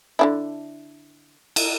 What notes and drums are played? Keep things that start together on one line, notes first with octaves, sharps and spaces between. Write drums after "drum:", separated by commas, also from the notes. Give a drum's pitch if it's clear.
D3 D4 E4
drum: cymbal